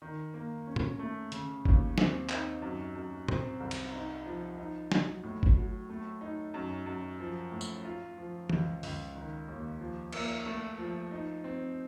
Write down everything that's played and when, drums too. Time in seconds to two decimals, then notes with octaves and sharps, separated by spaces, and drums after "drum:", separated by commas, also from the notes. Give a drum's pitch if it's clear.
0.02 D#3
0.34 A#3
0.67 C#4
0.76 drum: tom
0.99 A3
1.32 C#3, drum: hi-hat
1.65 D#2, drum: kick G1
1.98 C4, drum: snare
2.29 D#4, drum: clap
2.62 F#2
2.95 F#2
3.28 C4, drum: tom
3.60 C2
3.71 drum: cymbal
3.93 D#4
4.26 F3
4.58 D#4
4.92 F#3, drum: snare
5.24 A2
5.43 drum: kick G1
5.56 F#3
5.90 A3
6.21 D#4
6.54 F#2
6.86 F#2
7.20 F3
7.52 A2
7.61 drum: tambourine
7.84 F4
8.18 F3
8.50 C#2, drum: tom
8.83 C#2, drum: open hi-hat
9.15 D#3
9.48 D#2
9.80 F3
10.13 A#3, drum: cymbal
10.46 A3
10.78 F3
11.11 D#4
11.44 C4